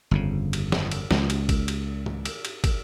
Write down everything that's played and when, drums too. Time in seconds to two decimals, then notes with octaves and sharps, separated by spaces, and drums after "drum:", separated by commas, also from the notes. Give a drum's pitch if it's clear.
0.11 G1 F2 C#3
0.53 drum: cymbal
0.72 drum: snare
0.91 drum: cymbal
1.11 C#2, drum: snare
1.30 drum: cymbal
1.49 drum: kick, cymbal
1.68 drum: cymbal
2.06 drum: tom
2.25 drum: cymbal
2.45 drum: cymbal
2.64 drum: kick, cymbal